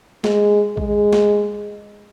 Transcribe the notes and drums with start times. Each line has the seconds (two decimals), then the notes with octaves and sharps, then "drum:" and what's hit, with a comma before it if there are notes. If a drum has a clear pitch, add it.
0.24 G#3, drum: snare
0.77 G#3, drum: kick A#1
1.13 drum: snare